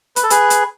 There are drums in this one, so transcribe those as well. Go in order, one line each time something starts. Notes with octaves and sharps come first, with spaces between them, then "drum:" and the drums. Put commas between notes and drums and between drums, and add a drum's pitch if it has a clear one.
B4, drum: hi-hat
A4
G#4 B4, drum: hi-hat
drum: hi-hat